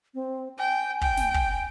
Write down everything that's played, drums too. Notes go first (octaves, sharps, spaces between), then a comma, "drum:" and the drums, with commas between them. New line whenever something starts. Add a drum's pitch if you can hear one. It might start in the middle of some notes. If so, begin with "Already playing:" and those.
C4
G5 G#5
G5, drum: kick
drum: snare
drum: kick